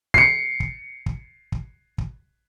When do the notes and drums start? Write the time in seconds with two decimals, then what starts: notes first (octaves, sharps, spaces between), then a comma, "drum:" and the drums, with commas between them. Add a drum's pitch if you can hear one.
0.14 C7 C#7, drum: kick
0.60 drum: kick
1.06 drum: kick
1.52 drum: kick
1.98 drum: kick